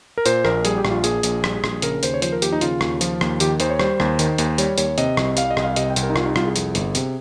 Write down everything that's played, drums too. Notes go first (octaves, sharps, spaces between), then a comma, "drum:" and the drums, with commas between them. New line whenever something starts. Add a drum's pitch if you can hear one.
A#4
A#2 C5, drum: hi-hat
A#1 A#4, drum: rim click
G3 G#4, drum: hi-hat
G4
A#1, drum: rim click
F4
A#2 G#4, drum: hi-hat
A#1, drum: hi-hat
G3, drum: rim click
A#1, drum: rim click
C#3 A#4, drum: hi-hat
D#2 C5, drum: hi-hat
C#5
F3 C5, drum: hi-hat
A#4
D#2 G4, drum: hi-hat
D#4
C#3 F4, drum: hi-hat
D#2, drum: rim click
F3, drum: hi-hat
D#2, drum: rim click
D#3 G4, drum: hi-hat
D#2 C5, drum: hi-hat
C#5
G3 C5, drum: rim click
D#2, drum: rim click
D#3, drum: hi-hat
D#2, drum: hi-hat
G3 C#5, drum: hi-hat
D#2 C#5, drum: hi-hat
C3 D#5, drum: hi-hat
C2, drum: rim click
G3 F5, drum: hi-hat
D#5
C2, drum: rim click
F5
C3 D#5, drum: hi-hat
G5
C2, drum: hi-hat
A#4
D#4
G3 F4, drum: rim click
D#4
C2 F4, drum: rim click
G#4
F2, drum: hi-hat
G1, drum: hi-hat
C3, drum: hi-hat